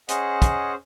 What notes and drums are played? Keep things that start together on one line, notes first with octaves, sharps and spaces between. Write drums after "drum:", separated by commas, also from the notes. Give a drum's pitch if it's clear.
C#4 G#4 C5 D#5 F#5, drum: hi-hat
drum: kick, hi-hat